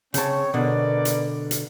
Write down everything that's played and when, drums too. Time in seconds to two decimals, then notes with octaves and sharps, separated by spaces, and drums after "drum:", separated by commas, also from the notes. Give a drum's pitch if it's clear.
0.14 C#3 C4 C#5 A5, drum: hi-hat
0.54 B2 D3 A#4 B4 D5
1.05 drum: hi-hat
1.51 drum: hi-hat